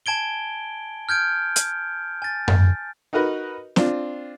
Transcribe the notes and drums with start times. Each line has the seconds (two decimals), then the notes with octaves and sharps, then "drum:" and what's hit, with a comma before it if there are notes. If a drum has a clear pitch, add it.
0.06 G#5 A5 G#6 D7 G7
1.09 F6 G6 G#6 D7
1.56 drum: hi-hat
2.22 G#5 A6
2.48 drum: tom F#2
3.13 D#4 F#4 A#4 B4 D#5
3.76 C4 D4 F4, drum: snare